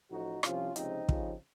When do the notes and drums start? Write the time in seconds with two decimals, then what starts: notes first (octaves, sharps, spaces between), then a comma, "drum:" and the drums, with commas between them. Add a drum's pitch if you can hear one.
0.11 A1 A2 F3 D#4 F#4
0.43 C2 C3 F3 C#4 F4, drum: rim click
0.76 C#2 C3 F3 C4 D#4, drum: hi-hat
1.09 D#2 C#3 F3, drum: kick